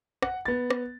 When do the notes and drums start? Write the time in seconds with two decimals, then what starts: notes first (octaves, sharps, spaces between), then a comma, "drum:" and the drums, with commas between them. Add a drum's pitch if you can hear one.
0.22 F#5, drum: rim click
0.45 B3 A6
0.70 drum: rim click